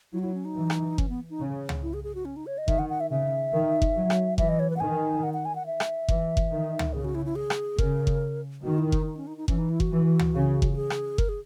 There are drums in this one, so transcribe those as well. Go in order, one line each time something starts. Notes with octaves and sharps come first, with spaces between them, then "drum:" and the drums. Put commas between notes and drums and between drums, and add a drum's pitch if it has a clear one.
F#3 E4
F#4
E4
C#4
D#4
E3
drum: rim click
C#4, drum: kick F#1
B3
D#4
C#3
drum: tom
E4
G#4
G#4
F#4
C#4
D#4
C#5
D#5
D#3 E5, drum: kick F#1
F#5
F#5
E5
C#3 E5
D#3
drum: kick F#1
F#3
drum: rim click
E3 E5, drum: kick F#1
D#5
C#5
B4
F#5
D#3 G#5
F#5
F#5
G#5
F#5
E5
drum: rim click
E3, drum: kick F#1
drum: kick F#1
D#3
drum: tom
C#3 G#4
F#4
E4
E4
G#4
drum: rim click
C#3 A#4, drum: kick F#1
drum: kick F#1
D#3 F#4
E4
D#4, drum: kick F#1
D#4
C#4
D#4
D#4
E3 C#4, drum: kick F#1
D#4
E4
F#4, drum: kick F#1
E3
drum: tom
C#3
drum: kick F#1
F#4
G#4
drum: rim click
A#4, drum: kick F#1
G#4